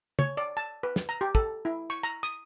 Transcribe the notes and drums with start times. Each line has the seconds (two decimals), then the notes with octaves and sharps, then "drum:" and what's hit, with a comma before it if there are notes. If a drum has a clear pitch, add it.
0.19 C#5, drum: tom
0.37 D5
0.57 A5
0.83 B4
0.96 drum: snare
1.09 A#5
1.21 G4
1.35 A4, drum: kick
1.65 E4
1.90 C#6
2.03 A#5
2.23 D#6